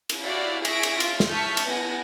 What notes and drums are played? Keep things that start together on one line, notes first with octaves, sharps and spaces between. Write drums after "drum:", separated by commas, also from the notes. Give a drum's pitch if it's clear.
drum: cymbal
E4 F#4 D5 F5
G#4 E5 G#5 C#6 A#6 D7, drum: cymbal
drum: cymbal
F4, drum: cymbal
drum: snare
E5 A5 C#6 D#6 F6 G6
drum: cymbal
B3 F#5 G#5 A#6